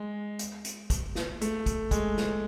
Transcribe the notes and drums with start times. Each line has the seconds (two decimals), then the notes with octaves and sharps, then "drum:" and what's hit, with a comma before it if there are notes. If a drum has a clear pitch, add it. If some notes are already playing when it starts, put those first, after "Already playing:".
Already playing: G#3
0.39 drum: hi-hat
0.65 drum: hi-hat
0.90 drum: kick, hi-hat
1.15 drum: snare
1.41 A3, drum: hi-hat
1.66 drum: kick, hi-hat
1.91 G#3, drum: kick, hi-hat
2.17 drum: snare